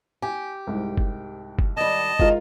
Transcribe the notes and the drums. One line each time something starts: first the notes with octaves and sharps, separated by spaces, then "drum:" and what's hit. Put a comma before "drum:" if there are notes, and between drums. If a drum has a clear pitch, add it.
G4 G#5
C2 G#2
drum: kick
drum: kick
D#3 G3 D#5 A5
D#3 G#3 D#4 F4 A#4, drum: kick